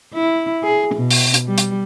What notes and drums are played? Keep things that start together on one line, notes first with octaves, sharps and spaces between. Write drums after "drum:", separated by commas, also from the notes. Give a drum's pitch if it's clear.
E4
G#4
B2
drum: open hi-hat
drum: hi-hat
G3
drum: hi-hat